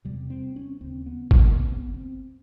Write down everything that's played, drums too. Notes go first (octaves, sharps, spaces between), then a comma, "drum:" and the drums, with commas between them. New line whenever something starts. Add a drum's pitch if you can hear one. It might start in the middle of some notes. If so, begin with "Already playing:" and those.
E2 C3 G3
C4
C#4
D#2 C#3 C4
B3
A#3, drum: kick
D#2 C#3 B3
C4
B3
C4